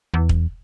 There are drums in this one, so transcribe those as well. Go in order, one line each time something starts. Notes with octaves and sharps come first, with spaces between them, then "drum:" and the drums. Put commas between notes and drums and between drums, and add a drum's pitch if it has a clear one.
E2
drum: kick